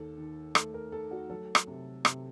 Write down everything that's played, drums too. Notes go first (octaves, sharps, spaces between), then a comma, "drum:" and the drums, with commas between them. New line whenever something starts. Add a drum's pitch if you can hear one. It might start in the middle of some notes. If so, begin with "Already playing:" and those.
Already playing: D#2 A4
D#3
A3 A4, drum: rim click
A#4
A3 A4
F#4
F#3 A4
drum: rim click
C3
C3, drum: rim click